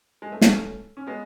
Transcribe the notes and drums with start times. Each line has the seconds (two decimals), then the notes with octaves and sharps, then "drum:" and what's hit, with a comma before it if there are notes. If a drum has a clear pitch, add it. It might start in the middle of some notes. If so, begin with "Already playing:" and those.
0.22 G#3
0.32 A3
0.41 B3, drum: snare
0.50 A3 C#4
0.97 C#4
1.07 G#3 B3